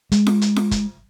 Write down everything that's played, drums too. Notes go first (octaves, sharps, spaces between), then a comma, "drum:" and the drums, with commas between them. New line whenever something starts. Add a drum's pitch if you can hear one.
G#3, drum: hi-hat
drum: snare F4
drum: hi-hat
drum: snare F4
drum: kick, hi-hat